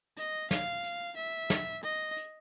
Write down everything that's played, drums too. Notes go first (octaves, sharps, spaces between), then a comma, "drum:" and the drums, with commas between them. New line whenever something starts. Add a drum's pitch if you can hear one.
D#5, drum: hi-hat
F5, drum: snare
drum: hi-hat
E5
drum: snare
D#5
drum: hi-hat